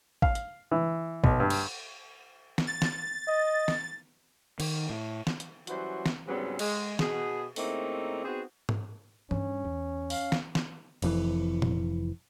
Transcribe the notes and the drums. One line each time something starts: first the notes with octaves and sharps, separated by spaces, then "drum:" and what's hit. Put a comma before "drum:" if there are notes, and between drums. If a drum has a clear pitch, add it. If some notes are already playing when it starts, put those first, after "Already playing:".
F5, drum: kick
drum: hi-hat
E3
B1, drum: kick
G2
drum: cymbal
drum: snare
A6
drum: snare
D#5
drum: snare
D#3, drum: cymbal
A2
drum: snare
drum: hi-hat
E3 F#3 G3 C#4 F#4 C5, drum: hi-hat
drum: snare
G#2 C#3 F#3 G3 B3 C4
G#3, drum: cymbal
B2 G#4, drum: snare
C#3 A3 A#3 C4 D#4 E4, drum: open hi-hat
B3 C4 D#4 F#4 G#4
drum: tom G#2
G2 C#4, drum: tom E3
E2
F5, drum: open hi-hat
drum: snare
drum: snare
F1 F2 B2 E3, drum: cymbal
drum: tom A#2